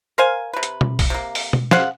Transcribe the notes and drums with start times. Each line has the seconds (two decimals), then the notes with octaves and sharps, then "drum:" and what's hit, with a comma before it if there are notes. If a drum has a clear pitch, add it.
0.18 A#4 C5 F5 G#5
0.53 C3 B4
0.63 drum: hi-hat
0.81 drum: tom B2
0.99 drum: kick B1, open hi-hat
1.10 C3 A#3
1.35 drum: open hi-hat
1.53 drum: tom B2
1.71 G#4 C5 F5 F#5, drum: snare